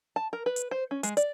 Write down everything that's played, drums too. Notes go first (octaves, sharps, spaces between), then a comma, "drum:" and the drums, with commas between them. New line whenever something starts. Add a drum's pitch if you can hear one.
A5
A#4
B4
drum: hi-hat
C5
C#4
G#3, drum: hi-hat
D5, drum: hi-hat